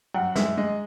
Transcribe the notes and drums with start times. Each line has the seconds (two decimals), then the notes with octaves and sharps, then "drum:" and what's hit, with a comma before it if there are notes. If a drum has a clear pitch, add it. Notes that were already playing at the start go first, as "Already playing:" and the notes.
0.14 F#2 F#5
0.36 G#3 E5, drum: snare
0.57 G#3 D#5